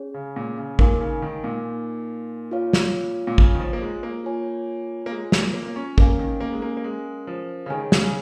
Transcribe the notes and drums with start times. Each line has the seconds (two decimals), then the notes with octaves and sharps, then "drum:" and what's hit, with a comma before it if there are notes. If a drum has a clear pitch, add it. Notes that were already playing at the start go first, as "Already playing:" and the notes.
Already playing: C#4 G#4 C#5
0.14 C#3
0.36 A#2
0.58 C#3
0.79 A#2 D#4 A#4 F5 G#5, drum: kick
1.01 C#3
1.22 D#3
1.44 A#2
2.51 F4 C#5 F5
2.73 drum: snare
3.27 A#2
3.38 C#3, drum: kick
3.55 D#3
3.60 F3
3.73 A#3
3.82 G#3
4.03 A#3
4.24 F4 C#5 G#5
5.06 A#3
5.11 G#3
5.32 A#3, drum: snare
5.54 A#3
5.66 A#3
5.76 C#4
5.98 A#3 C#4 A#4 F5 G#5, drum: kick
6.19 D#3
6.40 A#3
6.52 G#3
6.62 A#3
6.77 A#3
6.84 G#3
7.27 F3
7.66 C#3
7.70 D#3 G#4 C#5 G#5
7.92 C#3, drum: snare